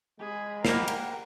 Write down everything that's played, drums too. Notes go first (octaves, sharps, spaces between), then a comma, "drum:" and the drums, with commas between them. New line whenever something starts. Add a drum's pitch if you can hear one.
G#3 G#4 B5
A#3 G4 A#4 C5 F5 F#5 B5, drum: snare
drum: cymbal